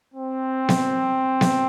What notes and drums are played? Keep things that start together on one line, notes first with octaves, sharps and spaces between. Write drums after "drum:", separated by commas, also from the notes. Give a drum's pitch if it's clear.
C4
drum: snare B3
drum: snare B3